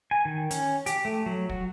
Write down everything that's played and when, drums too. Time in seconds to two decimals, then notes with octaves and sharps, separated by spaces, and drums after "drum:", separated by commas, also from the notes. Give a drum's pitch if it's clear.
0.11 G#5
0.25 D#3
0.51 C#4, drum: hi-hat
0.86 G4, drum: hi-hat
1.05 A3
1.26 F#3
1.49 F#4, drum: kick